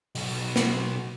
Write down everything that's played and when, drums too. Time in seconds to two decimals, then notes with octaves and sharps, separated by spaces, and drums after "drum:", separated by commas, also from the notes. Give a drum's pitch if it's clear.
0.15 B1 F#4, drum: open hi-hat
0.56 drum: snare